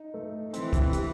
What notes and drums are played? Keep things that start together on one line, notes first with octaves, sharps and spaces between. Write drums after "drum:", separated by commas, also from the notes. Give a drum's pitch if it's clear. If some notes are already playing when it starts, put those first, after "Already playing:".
Already playing: D#4
A3
E3 C4, drum: hi-hat
drum: kick, hi-hat
G4, drum: hi-hat